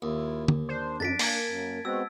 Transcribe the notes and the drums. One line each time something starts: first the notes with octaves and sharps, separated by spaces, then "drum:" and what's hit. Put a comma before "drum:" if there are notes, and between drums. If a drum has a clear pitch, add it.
D#2 E4 F4
drum: tom
D4 C5
F#2 A6 B6 D7
A#3 G#5 A5 G#6, drum: open hi-hat
F#2
G#3 B3 C4 F#4 E6